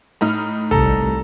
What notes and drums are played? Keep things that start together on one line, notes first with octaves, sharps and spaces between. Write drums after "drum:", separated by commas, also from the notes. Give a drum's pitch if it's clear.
A2 D#4 F6
C2 A4 A#5, drum: kick